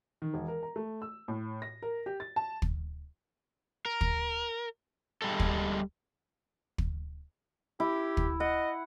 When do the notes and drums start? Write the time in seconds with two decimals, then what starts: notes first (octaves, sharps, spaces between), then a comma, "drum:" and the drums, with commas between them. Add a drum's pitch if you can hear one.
0.22 D#3
0.34 E1
0.48 A#4
0.63 A#5
0.76 A3
1.02 E6
1.28 A2
1.62 A#6
1.82 A#4
2.06 G4
2.20 A6
2.36 A5
2.62 drum: kick
3.86 A#4
4.01 drum: kick
5.22 G3 G#3 A4
5.40 drum: kick
6.78 drum: kick
7.80 E4 G4
8.17 drum: kick
8.40 D#5 F#5